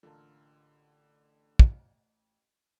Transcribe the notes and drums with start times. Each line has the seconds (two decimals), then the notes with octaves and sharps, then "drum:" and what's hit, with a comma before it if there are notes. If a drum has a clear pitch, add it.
0.03 A1 D3 F4 A4 A#4 A5
1.59 drum: kick